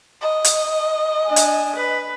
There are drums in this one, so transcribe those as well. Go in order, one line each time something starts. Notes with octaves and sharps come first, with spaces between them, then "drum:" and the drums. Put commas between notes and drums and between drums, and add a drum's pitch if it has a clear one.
D#5
drum: hi-hat
D4 G#5
drum: hi-hat
B4